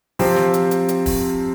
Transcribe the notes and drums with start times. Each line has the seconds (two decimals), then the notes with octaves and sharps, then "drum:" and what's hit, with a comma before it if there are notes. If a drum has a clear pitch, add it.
0.19 C3 F3 C4 G4 C5, drum: open hi-hat
0.36 drum: snare
0.54 drum: hi-hat
0.71 drum: hi-hat
0.88 drum: hi-hat
1.06 drum: kick, open hi-hat